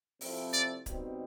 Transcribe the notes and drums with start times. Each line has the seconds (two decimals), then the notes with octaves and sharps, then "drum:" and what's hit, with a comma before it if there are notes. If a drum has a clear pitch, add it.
0.21 C3 F3 A3 C4 E4, drum: open hi-hat
0.53 D5, drum: hi-hat
0.86 B2 G3 C4 D#4, drum: kick C#1, hi-hat